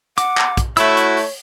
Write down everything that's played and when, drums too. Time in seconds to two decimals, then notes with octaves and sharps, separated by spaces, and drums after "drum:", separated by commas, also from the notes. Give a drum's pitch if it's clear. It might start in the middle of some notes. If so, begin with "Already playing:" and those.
0.18 F#5 D6, drum: hi-hat
0.38 drum: clap
0.57 drum: kick, hi-hat
0.77 A3 E4 F#4 C#5 E6, drum: hi-hat
0.97 drum: hi-hat
1.17 drum: open hi-hat